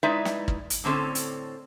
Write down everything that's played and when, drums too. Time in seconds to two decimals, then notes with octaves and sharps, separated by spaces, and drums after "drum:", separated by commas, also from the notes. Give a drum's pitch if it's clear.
0.03 G#3 D#4 E4 B4 D5 E5
0.25 drum: snare
0.48 drum: kick
0.70 drum: hi-hat
0.84 A2 D3 C4 C#4 A4
1.15 drum: hi-hat